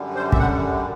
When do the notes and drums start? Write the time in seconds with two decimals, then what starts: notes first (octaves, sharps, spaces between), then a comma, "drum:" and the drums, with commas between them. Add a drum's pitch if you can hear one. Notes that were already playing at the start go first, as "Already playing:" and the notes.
Already playing: F#2 D3 G3
0.15 C5
0.32 E5, drum: kick
0.39 F#5